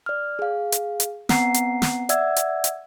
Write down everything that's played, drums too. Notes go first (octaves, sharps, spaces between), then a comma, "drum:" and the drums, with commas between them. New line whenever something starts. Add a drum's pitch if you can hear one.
D5 F6
G#4 F5
drum: hi-hat
drum: hi-hat
B3 C4 F#5 A#5 C7, drum: snare
drum: hi-hat
drum: snare
D5 E5 F#5 E6 G#6, drum: hi-hat
drum: hi-hat
drum: hi-hat